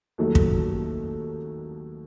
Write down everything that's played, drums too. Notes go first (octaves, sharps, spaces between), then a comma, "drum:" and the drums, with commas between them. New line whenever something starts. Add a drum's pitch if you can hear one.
D#2 D#3 F#3 A3
drum: kick